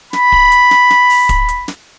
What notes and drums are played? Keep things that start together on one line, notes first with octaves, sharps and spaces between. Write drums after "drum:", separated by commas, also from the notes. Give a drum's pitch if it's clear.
B5, drum: snare
drum: kick
drum: hi-hat
drum: snare
drum: snare
drum: open hi-hat
drum: kick, hi-hat
drum: hi-hat
drum: snare